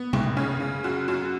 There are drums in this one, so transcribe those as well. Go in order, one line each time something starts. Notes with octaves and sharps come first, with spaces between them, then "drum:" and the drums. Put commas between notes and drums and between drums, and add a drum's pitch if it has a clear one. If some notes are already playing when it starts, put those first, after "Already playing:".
Already playing: B3
F#1, drum: tom C3
C#3 C#4
C#3
F#2 F#4
F#2 F#4